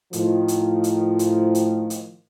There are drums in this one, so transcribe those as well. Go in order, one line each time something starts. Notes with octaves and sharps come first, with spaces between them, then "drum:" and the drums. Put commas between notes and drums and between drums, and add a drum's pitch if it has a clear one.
A2 D#3 F3, drum: hi-hat
drum: hi-hat
drum: hi-hat
drum: hi-hat
drum: hi-hat
drum: hi-hat